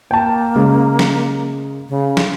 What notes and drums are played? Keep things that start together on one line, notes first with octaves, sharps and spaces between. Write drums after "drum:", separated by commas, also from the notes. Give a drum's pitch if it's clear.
A#3 G5 A5
C#3 G#3
drum: snare
C#3
drum: snare